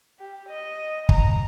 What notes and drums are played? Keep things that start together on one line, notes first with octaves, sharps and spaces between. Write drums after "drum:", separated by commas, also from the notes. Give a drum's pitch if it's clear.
G4
D#5
A#5, drum: kick